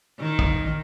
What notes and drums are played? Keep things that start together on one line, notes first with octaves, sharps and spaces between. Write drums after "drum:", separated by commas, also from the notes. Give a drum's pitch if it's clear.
D#3
drum: kick